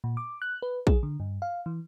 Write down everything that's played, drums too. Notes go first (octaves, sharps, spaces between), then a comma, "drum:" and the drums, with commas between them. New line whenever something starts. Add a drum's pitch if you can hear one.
A#2
D6
F#6
B4
G#4, drum: kick A#1
D3
G2
F5
E3